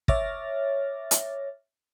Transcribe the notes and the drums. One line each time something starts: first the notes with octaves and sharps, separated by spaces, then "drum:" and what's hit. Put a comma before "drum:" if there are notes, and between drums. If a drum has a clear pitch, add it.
C#5 E5 D6 F6 A6 A#6, drum: kick
drum: hi-hat